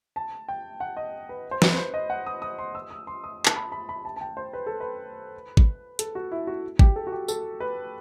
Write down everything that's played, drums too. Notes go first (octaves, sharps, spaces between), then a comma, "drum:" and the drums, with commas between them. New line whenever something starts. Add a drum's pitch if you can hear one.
A5
G5
F#5
D#5
B4
C5
B4, drum: snare
B4
C5
D#5
F#5
D#6
D#6
C6
E6
D#6
C6
D#6
A5, drum: clap
B5
B5
B5
A5
A5
G5
C5
B4
A4
B4
drum: kick
A4, drum: hi-hat
F#4
E4
F#4
G4, drum: kick
A4
F#4
G4
A4, drum: tambourine
B4